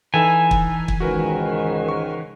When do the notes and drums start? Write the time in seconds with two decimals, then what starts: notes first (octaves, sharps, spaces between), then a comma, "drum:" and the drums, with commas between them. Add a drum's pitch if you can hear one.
0.14 E3 D#4 A4 B4 G#5
0.51 drum: kick
0.88 drum: kick
1.00 C#2 G#2 D#3 F#4 A#4 B4
1.88 A#4 C#6